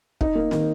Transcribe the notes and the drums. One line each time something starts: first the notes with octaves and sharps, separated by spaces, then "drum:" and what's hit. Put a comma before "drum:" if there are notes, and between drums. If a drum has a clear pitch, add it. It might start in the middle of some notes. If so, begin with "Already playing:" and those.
D#4, drum: kick
A#3
D#3, drum: snare